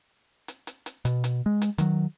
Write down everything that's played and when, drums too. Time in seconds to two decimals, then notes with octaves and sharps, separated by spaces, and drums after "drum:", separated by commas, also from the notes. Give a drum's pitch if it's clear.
0.48 drum: hi-hat
0.67 drum: hi-hat
0.86 drum: hi-hat
1.05 B2, drum: hi-hat
1.24 drum: hi-hat
1.46 G#3
1.62 drum: hi-hat
1.78 D#3 F#3, drum: hi-hat